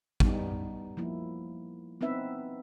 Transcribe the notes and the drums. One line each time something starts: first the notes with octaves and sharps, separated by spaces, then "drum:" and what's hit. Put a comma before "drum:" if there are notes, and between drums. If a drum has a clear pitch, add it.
G3 B3 D#4, drum: kick
F3 A#3 E4
B3 C4 D#4 B4 E5